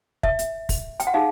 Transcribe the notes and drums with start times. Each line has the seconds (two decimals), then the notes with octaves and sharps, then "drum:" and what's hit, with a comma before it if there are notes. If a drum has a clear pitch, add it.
0.23 E5, drum: kick
0.39 drum: hi-hat
0.69 drum: kick, open hi-hat
1.00 G5, drum: hi-hat
1.07 F#5
1.14 D#4 G#4 F5